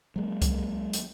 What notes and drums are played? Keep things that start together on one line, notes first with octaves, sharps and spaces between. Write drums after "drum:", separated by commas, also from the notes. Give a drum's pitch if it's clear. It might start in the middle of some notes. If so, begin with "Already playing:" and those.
F#3 G#3 A#3
drum: kick C2, hi-hat
drum: hi-hat